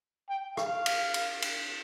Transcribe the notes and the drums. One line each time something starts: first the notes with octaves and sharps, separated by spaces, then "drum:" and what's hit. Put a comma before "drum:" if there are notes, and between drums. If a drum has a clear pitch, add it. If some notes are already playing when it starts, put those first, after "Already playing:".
G5
F5, drum: rim click
drum: cymbal
drum: cymbal
drum: cymbal